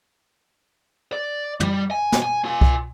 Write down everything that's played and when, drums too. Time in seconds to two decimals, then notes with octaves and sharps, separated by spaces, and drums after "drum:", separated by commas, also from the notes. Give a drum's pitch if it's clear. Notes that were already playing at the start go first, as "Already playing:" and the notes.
1.13 D5
1.60 G3, drum: tom
1.91 G#5
2.12 drum: snare
2.22 G#5
2.45 F4 G#5
2.61 drum: kick C2